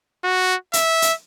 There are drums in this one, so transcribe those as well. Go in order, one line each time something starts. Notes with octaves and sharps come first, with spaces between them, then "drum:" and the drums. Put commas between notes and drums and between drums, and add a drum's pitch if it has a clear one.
F#4
E5, drum: hi-hat
drum: hi-hat